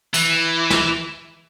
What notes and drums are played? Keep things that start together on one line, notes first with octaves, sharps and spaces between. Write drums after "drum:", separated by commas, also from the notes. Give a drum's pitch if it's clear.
E3, drum: tambourine
drum: snare